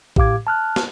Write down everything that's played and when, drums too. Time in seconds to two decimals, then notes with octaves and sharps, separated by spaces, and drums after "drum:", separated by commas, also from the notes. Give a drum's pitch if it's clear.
0.16 A2 G4 F5 D6 G#6, drum: kick A1
0.47 A5 F6 F#6
0.76 drum: snare